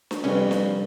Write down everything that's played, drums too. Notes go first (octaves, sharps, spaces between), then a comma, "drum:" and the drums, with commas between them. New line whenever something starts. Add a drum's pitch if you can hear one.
drum: snare D4
C2 F2 G3 C4 C#4 B4
drum: snare D4